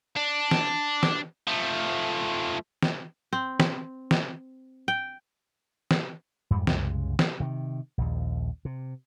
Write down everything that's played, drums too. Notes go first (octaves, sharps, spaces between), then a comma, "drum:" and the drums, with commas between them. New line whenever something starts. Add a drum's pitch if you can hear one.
D4
drum: snare
drum: snare
F3 A3
drum: snare
C4
drum: snare
drum: snare
G5
drum: snare
F2 G#2 G3
C2 F#2 C#3 G#3, drum: snare
drum: snare
C3 D#3
A#1 D#2
C3